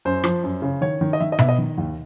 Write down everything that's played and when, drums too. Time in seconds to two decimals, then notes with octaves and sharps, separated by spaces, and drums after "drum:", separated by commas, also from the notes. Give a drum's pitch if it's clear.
0.05 F#2 C5
0.24 F3, drum: rim click
0.44 F#2
0.62 C#3
0.81 D#3 C#5
1.01 D#3
1.13 D#5
1.20 D#3 E5
1.32 D#5
1.39 B3 E5, drum: tom B2
1.49 D#5
1.58 D#3
1.78 D#2